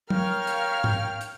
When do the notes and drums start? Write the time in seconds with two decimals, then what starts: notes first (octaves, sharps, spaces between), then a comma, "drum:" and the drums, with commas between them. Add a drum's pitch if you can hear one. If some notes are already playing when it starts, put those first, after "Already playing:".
0.10 A#4 C#5 F5 G5 F6, drum: tom
0.47 drum: hi-hat
0.84 drum: tom G#2
1.21 drum: hi-hat